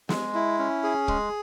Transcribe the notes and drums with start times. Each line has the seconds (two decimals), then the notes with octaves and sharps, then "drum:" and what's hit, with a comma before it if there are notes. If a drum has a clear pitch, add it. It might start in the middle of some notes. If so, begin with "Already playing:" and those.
0.09 G#3, drum: snare
0.34 E4
0.58 C#4
0.83 G#4
1.08 G#3, drum: kick